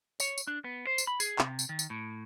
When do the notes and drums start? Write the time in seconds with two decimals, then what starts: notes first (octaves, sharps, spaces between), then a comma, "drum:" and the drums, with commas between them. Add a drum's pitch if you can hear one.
0.20 C#5, drum: tambourine
0.38 drum: tambourine
0.47 D4
0.64 B3
0.87 C5
0.98 drum: tambourine
1.07 B5
1.20 G#4, drum: tambourine
1.39 C3, drum: clap
1.59 drum: tambourine
1.69 D#3
1.79 drum: tambourine
1.90 A2